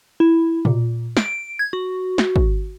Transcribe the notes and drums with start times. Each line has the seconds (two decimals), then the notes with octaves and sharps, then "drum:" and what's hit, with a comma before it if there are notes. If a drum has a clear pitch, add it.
0.20 E4
0.65 A#2, drum: tom
1.17 D7, drum: snare
1.59 G#6
1.73 F#4
2.18 drum: snare
2.36 drum: kick